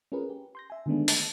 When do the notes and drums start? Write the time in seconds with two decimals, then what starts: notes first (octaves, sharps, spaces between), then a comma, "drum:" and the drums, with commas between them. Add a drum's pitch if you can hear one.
0.12 C#4 F4 G#4 A#4 B4
0.29 G4
0.55 C6 G6 A#6
0.70 E5 G#5
0.86 D3 D#3 G#3 A3 B3 D4
1.08 A5, drum: open hi-hat